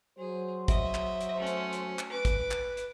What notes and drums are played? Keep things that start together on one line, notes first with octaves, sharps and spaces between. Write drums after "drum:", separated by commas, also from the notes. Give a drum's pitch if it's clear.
F#3 G#4 C5
D#5 E5, drum: kick, hi-hat
drum: clap
drum: hi-hat
A3 C#4
drum: hi-hat
drum: hi-hat
drum: clap
B4 D6
drum: kick, hi-hat
drum: clap
drum: hi-hat